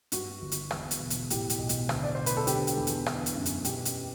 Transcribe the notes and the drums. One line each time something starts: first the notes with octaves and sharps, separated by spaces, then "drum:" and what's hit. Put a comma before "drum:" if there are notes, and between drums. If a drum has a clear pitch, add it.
G2 F#4, drum: hi-hat
G1
drum: hi-hat
E2, drum: rim click
drum: hi-hat
E1
drum: hi-hat
A2 G4, drum: hi-hat
drum: hi-hat
B1
drum: hi-hat
D2, drum: rim click
D5
E1 C5
B4, drum: hi-hat
A4
D3 G4, drum: hi-hat
drum: hi-hat
E2
drum: hi-hat
D3, drum: rim click
drum: hi-hat
F#2
drum: hi-hat
B2 G4, drum: hi-hat
G4, drum: hi-hat